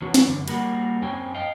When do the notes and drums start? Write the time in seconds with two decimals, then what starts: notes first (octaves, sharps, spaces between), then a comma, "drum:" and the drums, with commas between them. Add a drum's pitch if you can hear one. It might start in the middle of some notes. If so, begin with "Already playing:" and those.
0.02 E3 F#3 C#4 F#4
0.14 drum: snare
0.27 F#2 D3
0.48 G3 A#3 F#4, drum: hi-hat
1.02 F#2 C4 C#4 G5 G#5
1.34 D#5 F5 G5